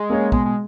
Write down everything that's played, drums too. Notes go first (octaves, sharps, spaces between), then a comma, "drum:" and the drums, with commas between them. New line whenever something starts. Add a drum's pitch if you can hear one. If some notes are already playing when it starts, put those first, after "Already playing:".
Already playing: G#3
A#3 C#4 G#4 C#5
B2 G#3, drum: kick
G#3